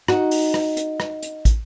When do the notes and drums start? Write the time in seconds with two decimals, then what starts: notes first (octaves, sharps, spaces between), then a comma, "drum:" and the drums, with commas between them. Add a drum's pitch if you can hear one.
0.08 D#4 F#4, drum: rim click
0.31 drum: open hi-hat
0.54 drum: rim click
0.77 drum: hi-hat
1.00 drum: rim click
1.22 drum: hi-hat
1.45 drum: kick, hi-hat